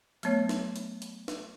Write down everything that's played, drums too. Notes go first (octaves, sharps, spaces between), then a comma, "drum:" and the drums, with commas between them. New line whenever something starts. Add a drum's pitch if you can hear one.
F#3 A3 B3 C#5, drum: hi-hat
drum: snare
drum: hi-hat
drum: hi-hat
drum: snare